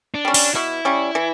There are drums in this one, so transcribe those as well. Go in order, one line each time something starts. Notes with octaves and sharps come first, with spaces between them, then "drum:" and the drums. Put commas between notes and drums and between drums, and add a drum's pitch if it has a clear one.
D4
G3 C#4
D4, drum: open hi-hat
B2 E4
G3 C#4
E3